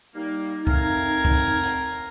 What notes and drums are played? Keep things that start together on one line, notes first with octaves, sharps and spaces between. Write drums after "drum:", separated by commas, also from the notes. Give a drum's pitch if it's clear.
G3 A#3 D#4
A3 C4 A#4 F5 G#6, drum: kick
drum: kick, open hi-hat
drum: hi-hat